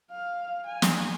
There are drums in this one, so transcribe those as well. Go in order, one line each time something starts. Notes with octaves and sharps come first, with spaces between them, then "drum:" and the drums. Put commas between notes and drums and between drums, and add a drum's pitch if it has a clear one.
F5
G#5
drum: snare